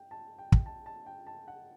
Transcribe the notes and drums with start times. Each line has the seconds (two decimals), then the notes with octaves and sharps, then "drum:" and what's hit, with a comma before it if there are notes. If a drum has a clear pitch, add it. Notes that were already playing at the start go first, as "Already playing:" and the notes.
Already playing: G5
0.11 A5
0.38 G5
0.52 drum: kick
0.66 A5
0.86 A5
1.06 G5
1.27 A5
1.48 F#5